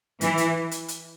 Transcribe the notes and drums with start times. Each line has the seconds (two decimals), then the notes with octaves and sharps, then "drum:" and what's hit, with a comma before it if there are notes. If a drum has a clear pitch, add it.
0.21 E3, drum: hi-hat
0.38 drum: hi-hat
0.71 drum: hi-hat
0.88 drum: hi-hat